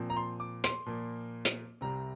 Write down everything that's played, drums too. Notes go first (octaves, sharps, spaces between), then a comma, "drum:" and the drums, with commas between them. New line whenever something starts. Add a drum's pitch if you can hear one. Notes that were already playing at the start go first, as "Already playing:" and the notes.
Already playing: A#2 F3 C4
A#5
C6
D6
C6, drum: hi-hat
A#2 F3 A#3
drum: hi-hat
C2 C3 G3 C4 A#5